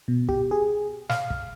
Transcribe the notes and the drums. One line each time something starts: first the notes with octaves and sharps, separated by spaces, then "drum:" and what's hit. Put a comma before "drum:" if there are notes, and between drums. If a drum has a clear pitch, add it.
B2
G4, drum: kick
G#4
F5, drum: snare
drum: kick